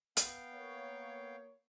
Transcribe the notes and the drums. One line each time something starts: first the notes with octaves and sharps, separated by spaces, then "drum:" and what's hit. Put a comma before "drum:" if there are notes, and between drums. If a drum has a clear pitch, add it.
B3 F5 G5, drum: hi-hat
A#3 C#5